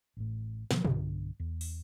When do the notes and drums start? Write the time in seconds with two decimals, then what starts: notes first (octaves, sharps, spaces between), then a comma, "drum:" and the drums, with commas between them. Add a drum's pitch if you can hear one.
0.17 A1 A2
0.71 B2 D3 F3 F#3, drum: snare
0.85 B1 G2 D3, drum: tom A#2
1.40 E2
1.61 drum: open hi-hat